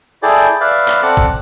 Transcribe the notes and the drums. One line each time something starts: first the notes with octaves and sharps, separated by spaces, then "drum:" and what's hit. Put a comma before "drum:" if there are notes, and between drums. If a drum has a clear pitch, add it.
E4 G#4 A4 D5 G5
B4 D5 E5 F5
drum: clap
C4 A4 D5 F#5
drum: kick G1